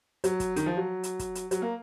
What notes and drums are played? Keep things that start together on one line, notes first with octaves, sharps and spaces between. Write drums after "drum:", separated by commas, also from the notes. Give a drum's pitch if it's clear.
F#3, drum: hi-hat
drum: kick, hi-hat
D#3, drum: hi-hat
F3
F#3
drum: hi-hat
drum: kick, hi-hat
drum: hi-hat
F#3, drum: hi-hat
A#3